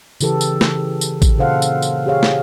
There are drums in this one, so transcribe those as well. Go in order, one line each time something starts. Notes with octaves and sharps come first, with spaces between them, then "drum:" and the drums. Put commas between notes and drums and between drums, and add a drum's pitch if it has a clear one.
C#3 E3 G4 A4 B4, drum: tambourine
drum: tambourine
drum: snare
G#4
drum: tambourine
drum: kick A1, tambourine
A#2 C#3 A4 C5 F5 F#5
drum: tambourine
drum: tambourine
G4 G#4 C#5 F5
drum: snare